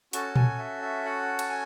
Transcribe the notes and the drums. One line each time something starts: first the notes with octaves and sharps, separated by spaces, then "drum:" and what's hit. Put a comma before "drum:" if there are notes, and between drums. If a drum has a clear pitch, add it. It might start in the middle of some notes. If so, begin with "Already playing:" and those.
C#4 F#4 A4 A5, drum: hi-hat
G#5, drum: tom A#2
E5
E5
F#5
A5, drum: cymbal
G#5